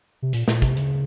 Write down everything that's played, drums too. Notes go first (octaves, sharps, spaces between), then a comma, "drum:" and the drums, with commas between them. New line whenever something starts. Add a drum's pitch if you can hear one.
C3
A#2, drum: hi-hat
A#2, drum: snare
C3, drum: kick, hi-hat
C#3, drum: hi-hat